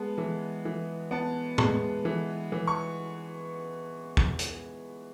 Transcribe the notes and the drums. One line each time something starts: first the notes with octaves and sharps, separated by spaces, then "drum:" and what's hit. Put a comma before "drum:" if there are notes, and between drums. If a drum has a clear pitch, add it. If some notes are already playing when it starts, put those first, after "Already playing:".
Already playing: G#3 B3 A5
E3
E3
B3 A5
G#3, drum: tom A2
E3
E3
C#6
drum: kick
drum: hi-hat